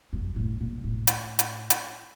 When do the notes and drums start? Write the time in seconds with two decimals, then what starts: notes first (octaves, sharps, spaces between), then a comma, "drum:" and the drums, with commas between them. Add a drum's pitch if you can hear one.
0.13 F#2
0.36 A2
0.61 A#2
0.84 A2
1.07 drum: hi-hat
1.39 drum: hi-hat
1.70 drum: hi-hat